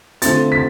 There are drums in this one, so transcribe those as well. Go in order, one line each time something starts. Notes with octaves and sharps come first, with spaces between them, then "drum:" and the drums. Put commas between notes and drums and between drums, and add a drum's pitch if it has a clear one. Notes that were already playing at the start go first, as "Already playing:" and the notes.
D3 A3 C4 F4 A6, drum: hi-hat
B6